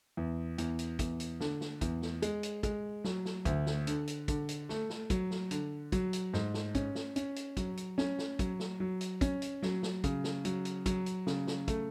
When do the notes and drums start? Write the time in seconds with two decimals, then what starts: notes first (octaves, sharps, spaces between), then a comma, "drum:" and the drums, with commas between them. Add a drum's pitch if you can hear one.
0.17 E2
0.58 E2, drum: hi-hat
0.79 drum: hi-hat
0.99 E2, drum: kick, hi-hat
1.20 drum: hi-hat
1.40 D3, drum: snare
1.61 drum: snare
1.81 E2, drum: kick, hi-hat
2.02 drum: snare
2.22 G#3, drum: hi-hat
2.43 drum: hi-hat
2.63 G#3, drum: kick, hi-hat
3.04 F#3, drum: snare
3.25 drum: snare
3.45 D2, drum: kick, hi-hat
3.66 drum: snare
3.87 D3, drum: hi-hat
4.08 drum: hi-hat
4.28 D3, drum: kick, hi-hat
4.49 drum: hi-hat
4.69 A3, drum: snare
4.90 drum: snare
5.10 F#3, drum: kick, hi-hat
5.31 drum: snare
5.51 D3, drum: hi-hat
5.92 F#3, drum: kick, hi-hat
6.13 drum: hi-hat
6.33 G#2, drum: snare
6.54 drum: snare
6.75 C#4, drum: kick, hi-hat
6.95 drum: snare
7.16 C#4, drum: hi-hat
7.36 drum: hi-hat
7.57 F#3, drum: kick, hi-hat
7.77 drum: hi-hat
7.98 C#4, drum: snare
8.19 drum: snare
8.39 F#3, drum: kick, hi-hat
8.60 drum: snare
8.80 F#3
9.01 drum: hi-hat
9.21 C#4, drum: kick, hi-hat
9.42 drum: hi-hat
9.62 F#3, drum: snare
9.83 drum: snare
10.04 C#3, drum: kick, hi-hat
10.24 drum: snare
10.45 F#3, drum: hi-hat
10.65 drum: hi-hat
10.86 F#3, drum: kick, hi-hat
11.06 drum: hi-hat
11.27 C#3, drum: snare
11.47 drum: snare
11.68 A3, drum: kick, hi-hat